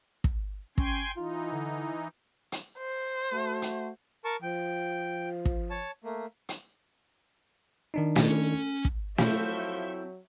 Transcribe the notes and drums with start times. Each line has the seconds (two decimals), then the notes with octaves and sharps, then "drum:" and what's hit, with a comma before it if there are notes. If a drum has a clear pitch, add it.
0.24 drum: kick
0.78 C#4 G5 G#5 C6, drum: kick
1.17 E3 D#4 F4
1.52 D3
2.52 drum: hi-hat
2.78 C5
3.32 A3 F#4
3.62 drum: hi-hat
4.25 A#4 A5 C#6
4.42 F3 G5
5.45 drum: kick
5.70 C#5 A5
6.04 A3 A#3
6.49 drum: hi-hat
7.94 D#3 D4 D#4
8.16 B4 D#5, drum: snare
8.29 C#4
8.85 drum: kick
9.18 F3 F#3 C4 E4 A4 E5 C#6 G6, drum: snare